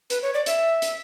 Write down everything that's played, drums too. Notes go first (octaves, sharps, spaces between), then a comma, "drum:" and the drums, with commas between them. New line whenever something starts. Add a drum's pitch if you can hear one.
B4, drum: hi-hat
C#5
D5
E5, drum: hi-hat
drum: hi-hat